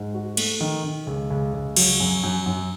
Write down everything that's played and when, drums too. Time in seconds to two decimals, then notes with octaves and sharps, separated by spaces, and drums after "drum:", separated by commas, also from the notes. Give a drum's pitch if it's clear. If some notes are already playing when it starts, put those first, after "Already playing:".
Already playing: G#2
0.14 F#4
0.37 A3, drum: cymbal
0.61 D#3
0.84 D#3
1.07 C#2
1.30 C#2
1.53 C#2
1.76 F#3, drum: cymbal
2.00 F#2
2.23 F#2
2.46 F#2